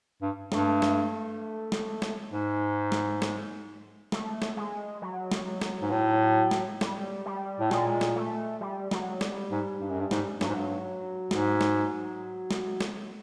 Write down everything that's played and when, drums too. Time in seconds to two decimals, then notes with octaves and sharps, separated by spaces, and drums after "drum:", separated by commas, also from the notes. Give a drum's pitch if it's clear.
0.22 G2
0.52 G2 A3, drum: snare
0.82 drum: snare
1.72 drum: snare
2.02 drum: snare
2.32 G#2
2.92 drum: snare
3.22 drum: snare
4.12 A3, drum: snare
4.42 drum: snare
4.57 G#3
5.02 F#3
5.32 drum: snare
5.61 drum: snare
5.82 G#2
5.91 A2
6.51 drum: snare
6.81 G3, drum: snare
7.26 G3
7.60 A2 A3
7.71 A#2 G#3, drum: snare
8.01 drum: snare
8.16 A3
8.61 G3
8.91 F#3, drum: snare
9.21 G3, drum: snare
9.51 G#2
9.81 G2
9.90 F#2
10.00 G2
10.11 G#2, drum: snare
10.41 G2 F#3, drum: snare
10.48 G#2
10.56 G2
11.31 G#2, drum: snare
11.61 drum: snare
12.51 drum: snare
12.81 drum: snare